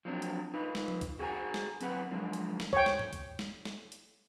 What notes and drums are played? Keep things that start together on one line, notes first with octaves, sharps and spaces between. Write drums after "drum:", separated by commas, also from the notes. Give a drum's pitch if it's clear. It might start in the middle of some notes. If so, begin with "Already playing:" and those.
F3 F#3 C4 D4
drum: hi-hat
D#4 F4 B4
drum: snare
drum: tom F3
drum: kick C2, hi-hat
F#4 G#4 C5 F#5 G#5 A#5
drum: snare
F#2 C4 B4 F#5, drum: hi-hat
F#2 F3 G#3 D4
drum: hi-hat
drum: snare
C#5 G5, drum: kick C2
drum: snare
drum: tom G#2
drum: kick C2, hi-hat
drum: snare
drum: snare
drum: hi-hat